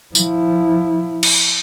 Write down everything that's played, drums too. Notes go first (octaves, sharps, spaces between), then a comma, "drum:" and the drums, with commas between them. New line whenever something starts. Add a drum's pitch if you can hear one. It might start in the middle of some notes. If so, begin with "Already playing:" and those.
F3 E4, drum: tambourine
drum: cymbal